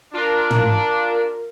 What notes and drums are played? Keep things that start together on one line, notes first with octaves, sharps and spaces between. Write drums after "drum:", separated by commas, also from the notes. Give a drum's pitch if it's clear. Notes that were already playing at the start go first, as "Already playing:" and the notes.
D4 F4 A#4
drum: tom